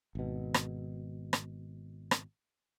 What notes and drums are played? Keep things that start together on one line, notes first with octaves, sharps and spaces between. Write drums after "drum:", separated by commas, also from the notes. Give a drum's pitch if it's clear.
G#1 B2
drum: rim click
drum: rim click
drum: rim click